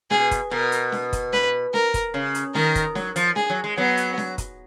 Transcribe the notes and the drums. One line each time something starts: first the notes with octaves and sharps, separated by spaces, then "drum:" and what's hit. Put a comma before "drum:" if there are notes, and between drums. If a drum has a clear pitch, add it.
B2 G#4, drum: snare
drum: kick, hi-hat
B2 A#4
drum: hi-hat
drum: snare
drum: kick, hi-hat
B4, drum: snare
A#4, drum: snare
drum: kick, hi-hat
C#3
drum: hi-hat
D#3 A#4, drum: snare
drum: kick, hi-hat
F#3, drum: snare
F3, drum: hi-hat
G#4, drum: snare
F#3
G#3
F#3 B3
drum: hi-hat
drum: snare
drum: kick, hi-hat